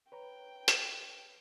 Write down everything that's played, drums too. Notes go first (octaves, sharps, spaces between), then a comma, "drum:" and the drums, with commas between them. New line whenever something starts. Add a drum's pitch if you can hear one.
B4 C#5 G5 A#5
drum: hi-hat